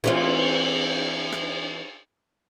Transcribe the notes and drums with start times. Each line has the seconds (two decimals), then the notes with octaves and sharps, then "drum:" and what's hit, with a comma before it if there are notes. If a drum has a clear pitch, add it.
0.04 E3 C4 F4, drum: cymbal
1.32 drum: rim click